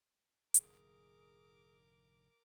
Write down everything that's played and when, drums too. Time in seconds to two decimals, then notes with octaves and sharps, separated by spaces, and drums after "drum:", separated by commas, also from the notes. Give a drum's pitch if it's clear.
0.54 F1 G#2 D3 G#4 A#4 D6, drum: hi-hat